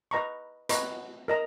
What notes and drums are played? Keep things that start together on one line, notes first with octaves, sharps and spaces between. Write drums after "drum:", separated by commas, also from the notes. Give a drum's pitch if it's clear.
B4 D#5 A#5 C#6
B4 D#5 A#5 C#6, drum: hi-hat
A#4 D#5 A#5